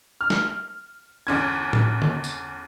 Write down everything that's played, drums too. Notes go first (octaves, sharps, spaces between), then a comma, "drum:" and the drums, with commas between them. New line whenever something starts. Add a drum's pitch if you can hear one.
F6
drum: snare
G1 E2 C#4 G#6
drum: tom A2
drum: tom D3
drum: tambourine